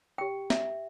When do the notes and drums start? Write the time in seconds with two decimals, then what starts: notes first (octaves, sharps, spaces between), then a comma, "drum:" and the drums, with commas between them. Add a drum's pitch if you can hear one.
0.18 G4 G5
0.50 E5, drum: snare